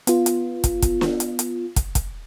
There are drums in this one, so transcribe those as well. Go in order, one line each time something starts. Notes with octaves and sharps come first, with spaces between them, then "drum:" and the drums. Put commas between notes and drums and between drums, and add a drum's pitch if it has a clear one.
B3 F4, drum: hi-hat
drum: hi-hat
drum: kick, hi-hat
drum: kick, hi-hat
drum: snare
drum: hi-hat
drum: hi-hat
drum: kick, hi-hat
drum: kick, hi-hat